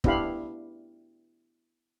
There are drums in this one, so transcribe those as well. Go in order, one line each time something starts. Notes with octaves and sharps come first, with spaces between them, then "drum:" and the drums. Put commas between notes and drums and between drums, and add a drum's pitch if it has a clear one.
B3 D4 E4 G4 F5 B5, drum: kick